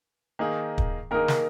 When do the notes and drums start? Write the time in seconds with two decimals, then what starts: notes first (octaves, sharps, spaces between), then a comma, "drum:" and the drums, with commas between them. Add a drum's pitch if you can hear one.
0.39 D#3 A#3 D#4 G#4
0.78 drum: kick
1.11 D#3 A#3 D#4 G#4 A#4
1.28 drum: snare